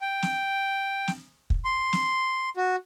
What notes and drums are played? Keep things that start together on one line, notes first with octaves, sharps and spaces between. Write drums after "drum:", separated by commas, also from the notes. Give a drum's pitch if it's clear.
G5
drum: snare
drum: snare
drum: kick
C6
drum: snare
F#4